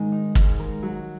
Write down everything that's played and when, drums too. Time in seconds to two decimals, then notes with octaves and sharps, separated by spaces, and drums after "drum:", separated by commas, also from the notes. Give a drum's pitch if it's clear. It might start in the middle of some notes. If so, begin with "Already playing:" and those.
Already playing: G#2 D#3 G#3
0.12 D#4
0.35 G#2, drum: kick
0.60 A#4
0.82 F#3